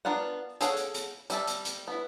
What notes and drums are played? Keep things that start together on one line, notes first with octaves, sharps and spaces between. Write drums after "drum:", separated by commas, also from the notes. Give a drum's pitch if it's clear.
B3 D4 F4 A#4 F#5
G#4 A4 C#5 F5 F#5, drum: hi-hat
drum: hi-hat
drum: hi-hat
G3 E5 A5, drum: hi-hat
drum: hi-hat
drum: hi-hat
B3 E4